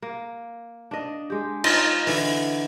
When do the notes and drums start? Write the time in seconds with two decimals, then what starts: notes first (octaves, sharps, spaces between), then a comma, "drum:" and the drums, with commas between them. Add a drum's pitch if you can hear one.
0.02 A#3
0.91 D4 D#5
1.30 G#3 G4
1.64 D#4 F4, drum: cymbal
2.07 D3 E3, drum: open hi-hat